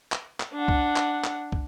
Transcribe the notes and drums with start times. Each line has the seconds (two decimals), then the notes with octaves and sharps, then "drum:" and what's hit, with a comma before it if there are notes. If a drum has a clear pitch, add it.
0.12 drum: clap
0.40 drum: clap
0.54 D4 F#5
0.68 drum: kick
0.96 drum: clap
1.24 drum: clap
1.52 drum: kick